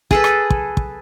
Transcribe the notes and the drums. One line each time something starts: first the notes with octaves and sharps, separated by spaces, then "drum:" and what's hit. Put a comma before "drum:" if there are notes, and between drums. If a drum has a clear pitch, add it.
G#4 A4 B4, drum: kick
drum: rim click
drum: kick
drum: kick